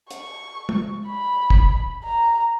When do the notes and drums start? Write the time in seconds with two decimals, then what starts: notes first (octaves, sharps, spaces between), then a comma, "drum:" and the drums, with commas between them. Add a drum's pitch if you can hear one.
0.10 C#6, drum: hi-hat
0.69 drum: tom G#3
1.07 B5
1.50 drum: kick
2.04 A#5